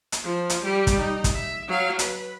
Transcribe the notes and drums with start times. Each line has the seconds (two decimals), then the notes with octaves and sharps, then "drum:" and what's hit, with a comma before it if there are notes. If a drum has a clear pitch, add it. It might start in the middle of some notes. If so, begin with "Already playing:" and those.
0.12 drum: hi-hat
0.24 F3
0.50 drum: hi-hat
0.64 G3 G4
0.87 drum: kick, hi-hat
0.97 D#4
1.24 drum: kick, hi-hat
1.34 E5
1.68 F#3 F5
1.99 B4, drum: hi-hat